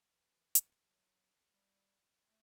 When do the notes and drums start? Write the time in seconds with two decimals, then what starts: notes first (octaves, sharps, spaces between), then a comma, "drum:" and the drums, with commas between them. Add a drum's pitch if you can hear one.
0.11 E3
0.55 drum: hi-hat
0.83 F#3
1.54 G3
2.26 A3